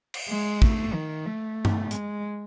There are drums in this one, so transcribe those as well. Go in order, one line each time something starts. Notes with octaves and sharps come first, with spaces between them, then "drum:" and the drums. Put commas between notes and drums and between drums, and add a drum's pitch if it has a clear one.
drum: cymbal
G#3
A3, drum: kick
D#3
A3
drum: tom G2
G#3, drum: hi-hat